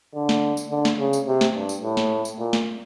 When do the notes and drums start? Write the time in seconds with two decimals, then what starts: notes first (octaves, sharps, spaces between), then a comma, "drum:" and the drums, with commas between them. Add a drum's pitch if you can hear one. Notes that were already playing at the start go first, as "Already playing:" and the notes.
0.15 D3
0.29 drum: snare
0.57 drum: tambourine
0.71 D3
0.85 drum: snare
1.00 C#3
1.13 drum: tambourine
1.28 C3
1.41 drum: snare
1.55 G2
1.69 drum: tambourine
1.83 A2
1.97 drum: snare
2.25 drum: tambourine
2.39 A#2
2.53 drum: snare